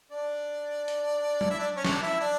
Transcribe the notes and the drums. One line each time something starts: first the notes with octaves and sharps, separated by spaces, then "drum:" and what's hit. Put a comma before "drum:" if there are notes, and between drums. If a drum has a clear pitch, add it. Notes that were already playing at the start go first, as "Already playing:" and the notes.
D4 D5
drum: hi-hat
drum: tom F#3
E4 E5
D4 D5
C#4 C#5
D4 D5, drum: snare
E4 E5
D4 D5